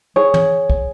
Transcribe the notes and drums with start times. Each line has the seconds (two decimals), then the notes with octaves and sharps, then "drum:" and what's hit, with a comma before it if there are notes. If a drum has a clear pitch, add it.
0.16 G#4 C#5
0.34 drum: tom
0.70 drum: kick